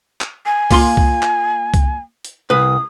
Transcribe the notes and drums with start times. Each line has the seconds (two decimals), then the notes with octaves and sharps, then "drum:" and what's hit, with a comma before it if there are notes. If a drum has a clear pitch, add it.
0.21 drum: clap
0.46 G#5
0.71 A#3 F4 C6, drum: kick C2, open hi-hat
0.97 drum: kick C2
1.23 drum: clap
1.74 drum: kick C2, hi-hat
2.25 drum: hi-hat
2.50 C2 B4 D#6